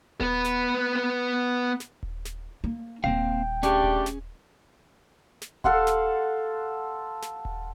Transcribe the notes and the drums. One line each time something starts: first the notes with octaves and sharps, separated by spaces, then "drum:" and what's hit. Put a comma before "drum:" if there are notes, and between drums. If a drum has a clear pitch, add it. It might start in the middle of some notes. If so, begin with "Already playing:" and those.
B3 B4, drum: kick D#1
drum: snare
drum: snare
drum: kick D#1
drum: snare
A#3
D#1 G#1 A#3 C4 F5 G5
A3 C#4 D4 G4 G#4, drum: snare
drum: kick D#1
drum: snare
drum: snare
A4 F5 F#5 C6, drum: kick D#1
drum: snare
drum: snare
drum: kick D#1